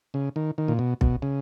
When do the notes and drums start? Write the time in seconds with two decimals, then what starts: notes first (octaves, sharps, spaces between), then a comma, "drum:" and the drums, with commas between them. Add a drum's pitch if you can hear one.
0.14 C#3
0.36 D#3
0.58 D#3
0.68 A#2
0.79 B2
1.01 B2, drum: kick B1
1.22 C#3